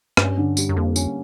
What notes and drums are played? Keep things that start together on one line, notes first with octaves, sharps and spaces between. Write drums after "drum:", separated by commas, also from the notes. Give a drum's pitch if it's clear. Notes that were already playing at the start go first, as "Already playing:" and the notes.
G2 C#4, drum: rim click
D3
G3, drum: tambourine
F#2
F2 A#3
C#4, drum: tambourine